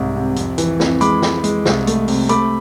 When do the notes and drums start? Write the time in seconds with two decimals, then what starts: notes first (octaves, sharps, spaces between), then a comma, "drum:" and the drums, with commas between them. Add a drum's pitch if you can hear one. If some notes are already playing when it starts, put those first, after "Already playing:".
Already playing: C2 G#2 C3
0.16 C3
0.36 F2, drum: hi-hat
0.58 E3, drum: hi-hat
0.80 F2, drum: snare
1.01 G#3 B5 D6, drum: hi-hat
1.22 G#3, drum: snare
1.44 G#3, drum: hi-hat
1.65 C2, drum: snare
1.87 A3, drum: hi-hat
2.08 C3, drum: open hi-hat
2.29 A3 B5 D6, drum: hi-hat